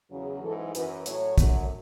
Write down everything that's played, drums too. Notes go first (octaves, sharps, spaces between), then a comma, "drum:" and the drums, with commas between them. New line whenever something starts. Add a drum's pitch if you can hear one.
E2 C#3 F#3
G#2 E3 A4
F#2 E3 B4, drum: hi-hat
A2 F#3 C#5, drum: hi-hat
F#2 D3 F#3, drum: kick, hi-hat